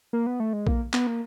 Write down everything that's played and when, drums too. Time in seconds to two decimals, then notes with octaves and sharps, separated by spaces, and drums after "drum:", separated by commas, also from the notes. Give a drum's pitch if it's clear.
0.13 A#3
0.26 B3
0.40 A3
0.53 G#3
0.67 A#3, drum: kick A#1
0.93 B3, drum: clap
1.07 A#3